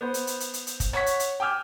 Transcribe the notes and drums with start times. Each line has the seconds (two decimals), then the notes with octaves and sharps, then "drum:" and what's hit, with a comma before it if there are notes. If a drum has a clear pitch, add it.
0.01 B3 C5
0.14 drum: hi-hat
0.27 drum: hi-hat
0.40 drum: hi-hat
0.54 drum: hi-hat
0.67 drum: hi-hat
0.80 drum: kick, hi-hat
0.93 C#5 F#5 C#6 B6, drum: rim click
1.06 drum: hi-hat
1.20 drum: hi-hat
1.40 G5 G#5 D6 E6 F6 G6